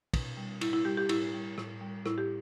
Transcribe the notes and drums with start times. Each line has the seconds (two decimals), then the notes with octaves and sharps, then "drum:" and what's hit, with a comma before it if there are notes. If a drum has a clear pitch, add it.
0.13 B2, drum: kick, cymbal
0.37 G3
0.61 A2 E4, drum: cymbal
0.73 E4
0.85 G3 G4
0.97 G4
1.09 A2 E4, drum: cymbal
1.34 G3
1.58 A2, drum: rim click
1.81 G3
2.06 A2 E4, drum: rim click
2.18 G4